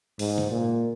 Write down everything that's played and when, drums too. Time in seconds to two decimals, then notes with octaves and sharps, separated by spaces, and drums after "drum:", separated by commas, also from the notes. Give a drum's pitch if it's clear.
0.19 G#2, drum: open hi-hat
0.38 drum: tom C#3
0.51 A#2